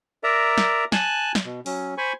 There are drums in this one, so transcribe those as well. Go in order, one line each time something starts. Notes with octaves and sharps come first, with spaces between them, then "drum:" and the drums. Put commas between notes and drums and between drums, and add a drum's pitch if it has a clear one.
A#4 D5 E5 A#5
drum: snare
G#5 A5 F#6, drum: snare
drum: snare
B2
F#3 C#4, drum: open hi-hat
C5 G#5 B5 C#6